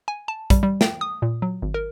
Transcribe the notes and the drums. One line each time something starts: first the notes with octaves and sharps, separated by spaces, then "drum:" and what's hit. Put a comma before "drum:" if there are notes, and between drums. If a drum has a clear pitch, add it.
G#5
A5
G3, drum: kick, hi-hat
G3
G5, drum: snare
D#6
A#2
F#3
G#1
A#4